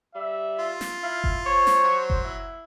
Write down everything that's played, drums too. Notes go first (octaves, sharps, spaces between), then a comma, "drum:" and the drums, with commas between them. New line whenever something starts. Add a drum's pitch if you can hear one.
G3 E5
F4
drum: snare
E4 F5
drum: kick F#1
C5 C#5
drum: snare
F#3
drum: kick F#1
E4